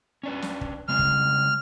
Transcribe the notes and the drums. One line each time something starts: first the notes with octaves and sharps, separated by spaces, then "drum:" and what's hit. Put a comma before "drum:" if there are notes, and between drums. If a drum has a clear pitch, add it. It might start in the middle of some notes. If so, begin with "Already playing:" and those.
C#4 D4 B4
drum: snare
drum: kick
C#3 G#3 C4 F6
drum: kick